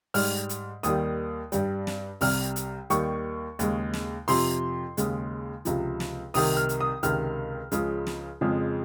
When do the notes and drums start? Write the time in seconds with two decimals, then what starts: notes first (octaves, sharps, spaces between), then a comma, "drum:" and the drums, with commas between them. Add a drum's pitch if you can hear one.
0.14 G#2 G3 F6, drum: open hi-hat
0.49 drum: hi-hat
0.83 D#2 D#3 G3 D#6, drum: hi-hat
1.52 G2 G3, drum: hi-hat
1.87 drum: snare
2.21 C2 C3 G3 F6, drum: open hi-hat
2.56 drum: hi-hat
2.90 D#2 D#3 G3 C#6, drum: hi-hat
3.59 D#2 C#3 G#3, drum: hi-hat
3.93 drum: snare
4.28 F2 C3 F3 C6, drum: open hi-hat
4.97 D#2 C#3 G#3, drum: hi-hat
5.65 C#2 C3 F3, drum: hi-hat
6.00 drum: snare
6.34 C2 C3 D#3 D#6, drum: open hi-hat
6.57 F6
6.69 drum: hi-hat
6.81 D#6
7.03 C#2 C3 D#3 F6, drum: hi-hat
7.72 C#2 C#3 F3 G#3, drum: hi-hat
8.07 drum: snare
8.41 F2 C#3 F3 G#3